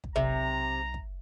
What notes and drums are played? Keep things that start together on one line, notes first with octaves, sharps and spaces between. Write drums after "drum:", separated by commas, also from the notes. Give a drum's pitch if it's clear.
drum: kick
B1 C3 E5 A#5
drum: kick